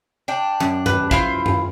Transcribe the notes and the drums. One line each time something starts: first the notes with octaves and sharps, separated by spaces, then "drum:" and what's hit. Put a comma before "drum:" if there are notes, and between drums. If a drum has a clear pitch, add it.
D4 G5
F#2
B4, drum: tom F#2
E4 F4 C5, drum: kick
drum: tom F#2